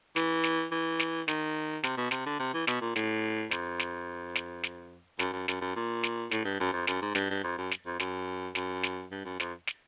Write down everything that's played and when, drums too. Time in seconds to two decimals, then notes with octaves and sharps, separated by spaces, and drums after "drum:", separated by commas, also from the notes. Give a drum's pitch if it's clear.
0.16 E3, drum: snare
0.44 drum: snare
0.72 E3
1.00 drum: snare
1.28 D#3, drum: snare
1.83 C3, drum: snare
1.97 B2
2.11 C3, drum: snare
2.26 D3
2.40 C3
2.54 E3
2.67 B2, drum: snare
2.81 A#2
2.96 A2, drum: snare
3.51 F2, drum: snare
3.79 drum: snare
4.35 drum: snare
4.63 drum: snare
5.19 F#2, drum: snare
5.33 F#2
5.48 F#2, drum: snare
5.61 F#2
5.76 A#2
6.03 drum: snare
6.31 A2, drum: snare
6.45 G2
6.60 F#2
6.73 F2
6.87 F#2, drum: snare
7.02 G#2
7.15 G2, drum: snare
7.30 G2
7.44 F2
7.58 F#2
7.71 drum: snare
7.86 F2
8.00 F#2, drum: snare
8.55 F#2, drum: snare
8.83 drum: snare
9.12 G2
9.25 F#2
9.40 F2, drum: snare
9.67 drum: snare